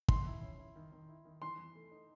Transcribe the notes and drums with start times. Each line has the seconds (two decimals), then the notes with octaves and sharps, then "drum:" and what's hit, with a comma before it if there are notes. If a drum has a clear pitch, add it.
0.08 D#3 C6, drum: kick
0.26 E4
0.42 C#4
0.59 E4
0.76 D#3
0.92 D#3
1.09 E4
1.25 D#3
1.42 E3 C6
1.59 E3
1.75 A3
1.91 D#4